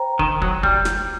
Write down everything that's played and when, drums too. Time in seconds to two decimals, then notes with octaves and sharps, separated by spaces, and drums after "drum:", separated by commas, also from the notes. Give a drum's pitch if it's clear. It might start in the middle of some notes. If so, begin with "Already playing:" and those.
Already playing: C5 G5 A#5
0.19 D#3, drum: kick
0.42 F#3, drum: kick
0.63 G3, drum: kick
0.85 drum: snare